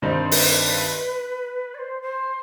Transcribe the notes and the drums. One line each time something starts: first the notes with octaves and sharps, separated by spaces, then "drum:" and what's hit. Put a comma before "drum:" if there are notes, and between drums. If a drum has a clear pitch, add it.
G2 D#3 G3 C4 D#4 C5
B4, drum: open hi-hat
D5
C5
C5